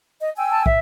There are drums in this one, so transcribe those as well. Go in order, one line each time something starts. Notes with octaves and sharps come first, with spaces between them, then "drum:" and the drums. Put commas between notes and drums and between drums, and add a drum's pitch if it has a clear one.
D#5
G5 G#5 E6
A5
E5, drum: kick